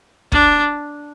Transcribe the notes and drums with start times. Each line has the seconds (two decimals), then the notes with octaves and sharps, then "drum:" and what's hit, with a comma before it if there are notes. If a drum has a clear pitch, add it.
0.32 D4, drum: kick